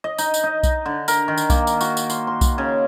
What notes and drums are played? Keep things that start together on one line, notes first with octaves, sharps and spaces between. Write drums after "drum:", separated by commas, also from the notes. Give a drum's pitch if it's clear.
D#5
D#4, drum: tambourine
drum: tambourine
D#4
drum: kick B1, tambourine
D3
A#4, drum: tambourine
D#3
drum: tambourine
A#3, drum: kick B1, tambourine
drum: tambourine
F#4, drum: tambourine
drum: tambourine
C6, drum: tambourine
C6
drum: kick B1, tambourine
C#3